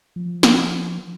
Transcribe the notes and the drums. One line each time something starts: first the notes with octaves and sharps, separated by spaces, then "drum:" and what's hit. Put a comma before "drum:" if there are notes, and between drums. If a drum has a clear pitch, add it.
F3
drum: snare